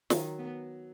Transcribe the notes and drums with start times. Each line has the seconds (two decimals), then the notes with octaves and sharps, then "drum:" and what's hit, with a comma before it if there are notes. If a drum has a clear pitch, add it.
0.10 D#3 F#3, drum: snare
0.39 B3